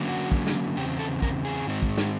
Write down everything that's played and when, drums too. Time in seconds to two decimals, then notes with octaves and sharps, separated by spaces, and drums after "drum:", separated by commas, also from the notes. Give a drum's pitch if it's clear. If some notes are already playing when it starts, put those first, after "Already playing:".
Already playing: D3 F#3 A#3 C#4
0.09 F#4
0.32 drum: kick
0.47 drum: snare
0.77 E2 C#3 C4 G4
0.99 A4
1.22 A#4, drum: kick
1.45 G#4
1.67 G#2 D#3 G#3 C4 D#4
1.82 drum: kick
1.98 drum: snare